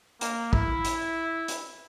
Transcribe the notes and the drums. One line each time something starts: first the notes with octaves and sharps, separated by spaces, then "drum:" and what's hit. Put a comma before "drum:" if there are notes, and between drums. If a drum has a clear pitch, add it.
A#3, drum: hi-hat
E4, drum: kick
drum: hi-hat
drum: hi-hat